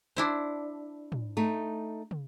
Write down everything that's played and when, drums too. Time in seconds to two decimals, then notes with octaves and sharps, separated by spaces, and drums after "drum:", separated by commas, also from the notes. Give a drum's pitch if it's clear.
0.16 D4 E4 C5
1.12 drum: tom
1.37 A3 D#4
2.11 drum: tom